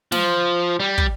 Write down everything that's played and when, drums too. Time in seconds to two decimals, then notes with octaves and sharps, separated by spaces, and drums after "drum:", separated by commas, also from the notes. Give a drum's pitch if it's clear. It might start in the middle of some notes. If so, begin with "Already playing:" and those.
0.12 F3, drum: snare
0.80 G3
0.98 drum: kick